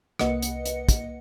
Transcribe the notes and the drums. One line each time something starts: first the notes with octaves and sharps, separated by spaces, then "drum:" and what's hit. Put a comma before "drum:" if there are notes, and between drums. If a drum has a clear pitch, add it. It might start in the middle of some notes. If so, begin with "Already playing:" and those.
C2 A#3 B4 D#5 F#5 C#7, drum: rim click
drum: hi-hat
drum: hi-hat
drum: kick, hi-hat